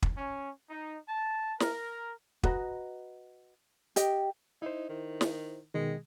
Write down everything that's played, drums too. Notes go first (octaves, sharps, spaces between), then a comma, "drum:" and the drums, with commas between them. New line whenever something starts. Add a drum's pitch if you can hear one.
drum: kick
C#4
D#4
A5
A#4, drum: snare
F#4 B4 D#5 A#5, drum: kick
G4 D#5 G5, drum: hi-hat
D#4 E4 C5
D#3
drum: snare
B2 D#3 G#3